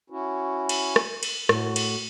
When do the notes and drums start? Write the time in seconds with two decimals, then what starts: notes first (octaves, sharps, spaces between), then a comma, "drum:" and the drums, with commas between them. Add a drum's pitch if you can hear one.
0.10 C#4 E4 F#4
0.69 drum: cymbal
0.96 drum: rim click
1.23 drum: cymbal
1.49 A2 F#4, drum: rim click
1.76 drum: cymbal